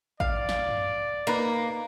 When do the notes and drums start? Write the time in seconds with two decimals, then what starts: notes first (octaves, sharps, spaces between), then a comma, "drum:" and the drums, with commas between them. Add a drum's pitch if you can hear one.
0.20 D5 F5, drum: kick A1
0.49 drum: snare
0.69 drum: tom F#2
1.27 A#3 D#4 F4 B4